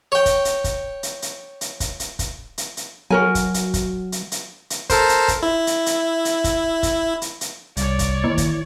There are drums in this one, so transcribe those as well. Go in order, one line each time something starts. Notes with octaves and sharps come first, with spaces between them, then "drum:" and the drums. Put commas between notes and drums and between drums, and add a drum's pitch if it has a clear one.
C#5 G5
drum: kick, hi-hat
drum: hi-hat
drum: kick, hi-hat
drum: hi-hat
drum: hi-hat
drum: hi-hat
drum: kick, hi-hat
drum: hi-hat
drum: kick, hi-hat
drum: hi-hat
drum: hi-hat
F#3 F#4 A#4 G#5
drum: kick, hi-hat
drum: hi-hat
drum: kick, hi-hat
drum: hi-hat
drum: hi-hat
drum: hi-hat
A4 A#4 C5, drum: kick, hi-hat
drum: hi-hat
drum: kick, hi-hat
E4
drum: hi-hat
drum: hi-hat
drum: hi-hat
drum: kick, hi-hat
drum: kick, hi-hat
drum: hi-hat
drum: hi-hat
C2 C#5 D5, drum: hi-hat
drum: kick, hi-hat
D#2 E3
drum: kick, hi-hat